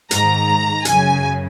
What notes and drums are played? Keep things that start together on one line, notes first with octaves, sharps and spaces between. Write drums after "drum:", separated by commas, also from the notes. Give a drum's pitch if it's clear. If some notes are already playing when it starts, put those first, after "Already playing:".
G#2 D#3 A#5, drum: hi-hat
F#2 C#3 G#5, drum: hi-hat